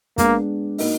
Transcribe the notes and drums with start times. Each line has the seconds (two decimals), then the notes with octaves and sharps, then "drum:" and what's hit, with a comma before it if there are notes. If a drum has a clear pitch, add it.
0.18 G#3 A#3 B3 D4, drum: kick, hi-hat
0.78 A#3 D#4 F#4 A#4 D#5, drum: open hi-hat